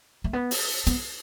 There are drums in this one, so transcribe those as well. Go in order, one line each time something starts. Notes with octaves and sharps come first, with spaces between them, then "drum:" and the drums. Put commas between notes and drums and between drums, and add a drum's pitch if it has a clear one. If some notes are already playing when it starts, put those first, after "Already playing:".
A3
B3
drum: open hi-hat
B3, drum: hi-hat